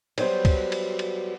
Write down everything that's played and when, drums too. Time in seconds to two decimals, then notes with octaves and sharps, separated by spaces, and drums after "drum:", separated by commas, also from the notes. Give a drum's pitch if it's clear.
0.18 F#3 G3 B3 C5, drum: cymbal
0.45 drum: kick, cymbal
0.72 drum: cymbal
0.99 drum: cymbal